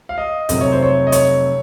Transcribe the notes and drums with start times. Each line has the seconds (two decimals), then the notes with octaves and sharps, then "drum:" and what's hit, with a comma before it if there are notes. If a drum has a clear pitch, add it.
0.09 F5
0.18 D#5
0.49 F1 F2 C3 F#3 D#5, drum: hi-hat
0.61 C#5
0.72 C5
0.83 C#5
1.07 D#5
1.12 C#5, drum: hi-hat